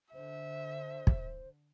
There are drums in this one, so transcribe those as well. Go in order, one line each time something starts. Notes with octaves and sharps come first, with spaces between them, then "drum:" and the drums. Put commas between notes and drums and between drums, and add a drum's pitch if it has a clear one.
D3 C5 E5
drum: kick